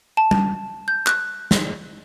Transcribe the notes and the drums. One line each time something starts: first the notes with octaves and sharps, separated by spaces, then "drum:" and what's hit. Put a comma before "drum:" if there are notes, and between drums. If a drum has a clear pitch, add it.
A5
drum: tom G3
G6
F#6, drum: clap
drum: snare